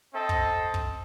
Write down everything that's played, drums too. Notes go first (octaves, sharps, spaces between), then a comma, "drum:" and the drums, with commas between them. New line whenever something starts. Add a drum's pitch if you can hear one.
C4 A4 D#5
drum: kick
drum: kick